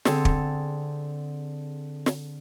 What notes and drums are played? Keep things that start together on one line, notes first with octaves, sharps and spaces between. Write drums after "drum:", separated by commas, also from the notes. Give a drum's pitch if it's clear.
D3 C4 G#4 A4, drum: snare
drum: kick
drum: snare